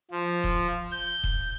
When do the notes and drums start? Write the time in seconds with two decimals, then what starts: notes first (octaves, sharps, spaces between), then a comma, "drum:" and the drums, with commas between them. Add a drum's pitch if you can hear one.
0.11 F3
0.44 drum: kick E1
0.92 G6
1.24 drum: kick E1